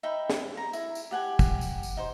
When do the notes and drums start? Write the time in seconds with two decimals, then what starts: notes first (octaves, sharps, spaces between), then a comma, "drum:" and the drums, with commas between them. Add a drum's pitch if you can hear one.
0.03 D#4 E5 G5 B5
0.30 drum: snare
0.57 A#5
0.73 E4, drum: tambourine
0.95 drum: tambourine
1.11 G4 F#5 G#5
1.39 drum: kick, tambourine
1.61 drum: tambourine
1.83 drum: tambourine
1.97 D#4 C5